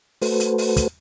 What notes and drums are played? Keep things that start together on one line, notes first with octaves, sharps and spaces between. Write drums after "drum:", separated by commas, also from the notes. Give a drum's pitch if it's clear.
A3 F#4 A4 B4 C5, drum: open hi-hat
drum: hi-hat
drum: open hi-hat
drum: kick, hi-hat